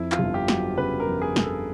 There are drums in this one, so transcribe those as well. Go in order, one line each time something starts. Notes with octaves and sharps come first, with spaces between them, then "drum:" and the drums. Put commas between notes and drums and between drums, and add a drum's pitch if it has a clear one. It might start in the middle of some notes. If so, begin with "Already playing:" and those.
Already playing: F2 E4
F4, drum: clap
G1
G4
F#3, drum: snare
C#3 B4
A#4
F2
G#4
G1, drum: snare
A4